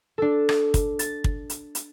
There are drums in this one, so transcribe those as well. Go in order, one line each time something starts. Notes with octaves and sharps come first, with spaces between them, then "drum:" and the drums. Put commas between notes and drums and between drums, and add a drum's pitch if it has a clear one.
D4 A4
drum: rim click
drum: kick, hi-hat
A6, drum: hi-hat
drum: kick
drum: hi-hat
drum: hi-hat